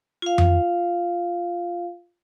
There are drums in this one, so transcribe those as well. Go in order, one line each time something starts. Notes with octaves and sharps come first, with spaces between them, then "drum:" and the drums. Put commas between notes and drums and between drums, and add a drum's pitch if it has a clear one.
F4 F5
drum: tom F2